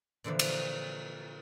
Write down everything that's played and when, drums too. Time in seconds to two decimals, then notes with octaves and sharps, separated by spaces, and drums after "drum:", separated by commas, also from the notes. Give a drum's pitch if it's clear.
0.24 A#2 D3 E3 F3
0.39 drum: cymbal